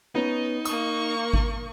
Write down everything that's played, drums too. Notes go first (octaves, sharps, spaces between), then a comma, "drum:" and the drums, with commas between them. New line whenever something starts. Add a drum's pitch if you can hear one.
B3 C#4 D#4
A#3 C#6 D#6, drum: tambourine
drum: kick G#1